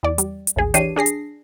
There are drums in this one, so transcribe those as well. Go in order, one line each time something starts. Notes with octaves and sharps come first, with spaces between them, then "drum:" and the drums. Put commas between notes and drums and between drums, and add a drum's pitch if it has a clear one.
E2 D5
G3, drum: hi-hat
drum: hi-hat
A1 D#2 G#4
E3 D4 G4 C#5 C7 D#7, drum: hi-hat
D4 G#4 A#6 C7
drum: hi-hat